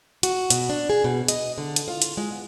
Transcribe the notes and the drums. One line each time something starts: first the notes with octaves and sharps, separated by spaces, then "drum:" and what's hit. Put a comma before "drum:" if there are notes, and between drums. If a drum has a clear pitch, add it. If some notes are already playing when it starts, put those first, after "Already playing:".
F#4, drum: hi-hat
B2, drum: hi-hat
D4
G#4
B2
D#5, drum: hi-hat
D3
drum: hi-hat
F4
drum: hi-hat
G#3
B3